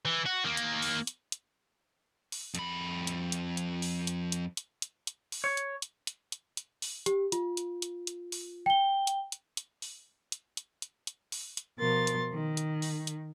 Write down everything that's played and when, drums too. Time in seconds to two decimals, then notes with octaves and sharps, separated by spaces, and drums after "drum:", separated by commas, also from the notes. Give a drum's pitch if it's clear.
0.05 E3
0.26 F#4
0.44 D#3 A#3
0.57 drum: hi-hat
0.82 drum: open hi-hat
1.07 drum: hi-hat
1.32 drum: hi-hat
2.32 drum: open hi-hat
2.55 F2 B5, drum: hi-hat
3.07 drum: hi-hat
3.32 drum: hi-hat
3.57 drum: hi-hat
3.82 drum: open hi-hat
4.07 drum: hi-hat
4.32 drum: hi-hat
4.57 drum: hi-hat
4.82 drum: hi-hat
5.07 drum: hi-hat
5.32 drum: open hi-hat
5.44 C#5
5.57 drum: hi-hat
5.82 drum: hi-hat
6.07 drum: hi-hat
6.32 drum: hi-hat
6.57 drum: hi-hat
6.82 drum: open hi-hat
7.06 G4, drum: hi-hat
7.32 F4, drum: hi-hat
7.57 drum: hi-hat
7.82 drum: hi-hat
8.07 drum: hi-hat
8.32 drum: open hi-hat
8.66 G5 G7
9.07 drum: hi-hat
9.32 drum: hi-hat
9.57 drum: hi-hat
9.82 drum: open hi-hat
10.32 drum: hi-hat
10.57 drum: hi-hat
10.82 drum: hi-hat
11.07 drum: hi-hat
11.32 drum: open hi-hat
11.57 drum: hi-hat
11.79 B2 F3 A#4 C6 A6
12.07 drum: hi-hat
12.33 D#3
12.57 drum: hi-hat
12.82 drum: open hi-hat
13.07 drum: hi-hat